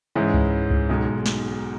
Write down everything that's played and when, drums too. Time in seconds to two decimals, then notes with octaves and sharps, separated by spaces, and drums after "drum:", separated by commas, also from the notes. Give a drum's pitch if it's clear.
0.15 G#2 E3 G#3 C#4 E4
0.34 drum: kick C#2
0.71 drum: kick C#2
0.89 B1 B2 G#3 D#4
1.26 drum: snare